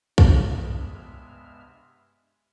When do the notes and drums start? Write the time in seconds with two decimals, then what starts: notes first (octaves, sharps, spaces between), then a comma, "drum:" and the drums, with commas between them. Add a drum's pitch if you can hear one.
0.18 G2 C3 G#3 B3 E5 F6, drum: kick B1